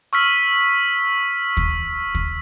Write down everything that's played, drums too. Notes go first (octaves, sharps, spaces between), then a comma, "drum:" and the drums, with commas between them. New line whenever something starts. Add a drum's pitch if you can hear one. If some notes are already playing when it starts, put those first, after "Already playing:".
C#6 E6 F6 B6
drum: kick
drum: kick